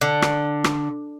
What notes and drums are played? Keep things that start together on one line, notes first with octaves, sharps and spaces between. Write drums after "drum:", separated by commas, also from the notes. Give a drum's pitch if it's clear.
D3
drum: rim click
drum: rim click